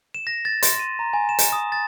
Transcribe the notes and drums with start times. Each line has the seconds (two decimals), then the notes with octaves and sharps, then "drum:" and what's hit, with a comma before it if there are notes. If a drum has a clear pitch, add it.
0.14 E7
0.27 A#6
0.45 A6
0.63 C6, drum: hi-hat
0.79 D#7
0.99 A#5
1.13 G#5
1.29 E7
1.39 drum: hi-hat
1.53 D#6
1.72 A6